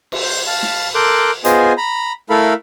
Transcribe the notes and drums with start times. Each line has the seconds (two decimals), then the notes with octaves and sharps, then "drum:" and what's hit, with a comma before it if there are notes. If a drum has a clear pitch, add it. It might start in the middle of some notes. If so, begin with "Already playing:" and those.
0.12 drum: cymbal
0.23 C5
0.47 F5 A5
0.63 drum: snare
0.95 A4 A#4 C6 D6 F#6 G6
1.45 B3 F4 G#4 C5 D#5 G#5, drum: hi-hat
1.78 A#5 B5
2.30 A3 E4 A4 A#4 F5 B5